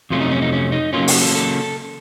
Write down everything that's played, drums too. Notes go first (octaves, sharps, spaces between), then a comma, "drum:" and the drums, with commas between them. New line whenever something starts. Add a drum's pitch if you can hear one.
F2 C3 F#3 A3 C#4 F4
D#4
C#4
D#4
C#4
D#4
C#3 F#3 A#3 C#4 F4
F#4, drum: open hi-hat
A4
A4